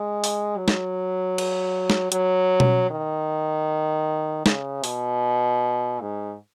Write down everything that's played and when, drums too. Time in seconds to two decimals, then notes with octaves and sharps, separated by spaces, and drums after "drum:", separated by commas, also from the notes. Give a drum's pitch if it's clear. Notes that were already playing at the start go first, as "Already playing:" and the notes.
Already playing: G#3
0.24 drum: open hi-hat
0.57 F#3
0.68 drum: snare
1.38 drum: cymbal
1.90 drum: snare
2.12 F#3, drum: hi-hat
2.60 drum: tom B2
2.90 D#3
4.46 C#3, drum: snare
4.84 B2, drum: open hi-hat
6.01 G#2